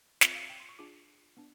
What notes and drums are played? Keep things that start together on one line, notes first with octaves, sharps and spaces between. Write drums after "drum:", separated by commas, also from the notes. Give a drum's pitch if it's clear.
C4 F4 G#4 E5, drum: snare
F5
G5
C6
C#6
D4 F4 G#4 D6
B3 D4